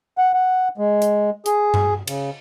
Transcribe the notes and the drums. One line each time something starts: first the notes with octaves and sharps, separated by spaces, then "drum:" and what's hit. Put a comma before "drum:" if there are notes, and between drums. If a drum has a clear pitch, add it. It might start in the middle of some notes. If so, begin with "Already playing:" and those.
F#5
F#5
G#3
drum: hi-hat
G#4, drum: hi-hat
drum: tom G2
C#3, drum: cymbal